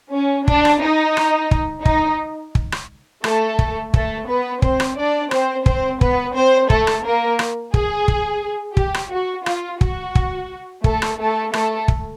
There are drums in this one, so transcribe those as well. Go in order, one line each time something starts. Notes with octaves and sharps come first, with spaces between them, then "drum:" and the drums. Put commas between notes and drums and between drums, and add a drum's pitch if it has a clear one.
C#4
D4, drum: kick
drum: rim click
D#4
drum: rim click
drum: kick
D#4, drum: kick
drum: kick
drum: rim click
A3 A4, drum: rim click
drum: kick
A3 A4, drum: kick
B3 B4
C4 C5, drum: kick
drum: rim click
D4 D5
C4 C5, drum: rim click
C4 C5, drum: kick
B3 B4, drum: kick
C4 C5
A3 A4, drum: kick
drum: rim click
A#3 A#4
drum: rim click
G#4, drum: kick
drum: kick
G4, drum: kick
drum: rim click
F#4
F4, drum: rim click
F#4, drum: kick
drum: kick
A3 A4, drum: kick
drum: rim click
A3 A4
A3 A4, drum: rim click
drum: kick